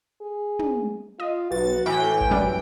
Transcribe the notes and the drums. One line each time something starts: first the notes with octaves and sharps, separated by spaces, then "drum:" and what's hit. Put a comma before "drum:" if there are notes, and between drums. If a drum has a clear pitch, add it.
G#4
drum: tom
F4 D#5
B1 F#4 B4 A6
A2 E3 G5 G#5
drum: kick G1
A#1 F#2 F#3 G3